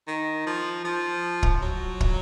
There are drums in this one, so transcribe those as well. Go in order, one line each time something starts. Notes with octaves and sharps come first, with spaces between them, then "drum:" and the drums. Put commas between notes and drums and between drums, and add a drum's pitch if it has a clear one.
D#3
F3
F3
drum: kick
F#3
drum: kick